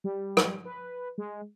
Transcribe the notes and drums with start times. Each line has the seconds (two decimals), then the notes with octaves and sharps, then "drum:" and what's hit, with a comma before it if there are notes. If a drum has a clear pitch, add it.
0.04 G3
0.37 drum: rim click
0.65 B4
1.18 G#3